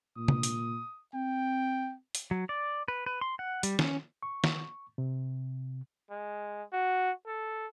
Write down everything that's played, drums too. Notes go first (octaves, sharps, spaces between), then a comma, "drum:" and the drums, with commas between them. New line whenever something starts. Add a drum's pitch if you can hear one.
A#2 D#6
drum: tom C3
drum: hi-hat
C4 G5
drum: hi-hat
F#3
D5
B4
B4
C6
F#5
G3, drum: hi-hat
C#4, drum: snare
C#6
drum: snare
C3
G#3
F#4
A4